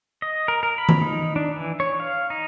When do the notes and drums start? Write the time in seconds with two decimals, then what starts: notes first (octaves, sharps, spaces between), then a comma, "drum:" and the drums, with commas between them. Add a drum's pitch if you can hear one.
0.22 D#5
0.48 A#4
0.63 A#4
0.78 B5
0.89 drum: tom D#3
1.02 D#4
1.36 D4
1.56 E3
1.80 C#5
2.00 F5
2.30 D#4